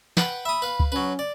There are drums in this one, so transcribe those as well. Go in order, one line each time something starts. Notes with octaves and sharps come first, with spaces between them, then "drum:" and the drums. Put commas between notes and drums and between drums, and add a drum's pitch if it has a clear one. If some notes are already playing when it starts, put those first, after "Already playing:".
B4 F#5 G5, drum: snare
E5 B5 D#6
B4 F5
drum: kick C#2
F#3 C#4 B4
D5